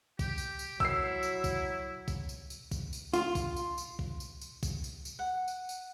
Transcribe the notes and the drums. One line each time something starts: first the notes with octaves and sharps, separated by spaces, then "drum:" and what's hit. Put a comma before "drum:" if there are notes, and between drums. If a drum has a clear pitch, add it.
G4, drum: kick, tambourine
drum: tambourine
drum: tambourine
F#3 E4 E6 C7, drum: kick
drum: tambourine
drum: kick, tambourine
drum: kick, tambourine
drum: tambourine
drum: tambourine
drum: kick, tambourine
drum: tambourine
F4, drum: tambourine
drum: kick, tambourine
drum: tambourine
drum: tambourine
drum: kick
drum: tambourine
drum: tambourine
drum: kick, tambourine
drum: tambourine
drum: tambourine
F#5
drum: tambourine
drum: tambourine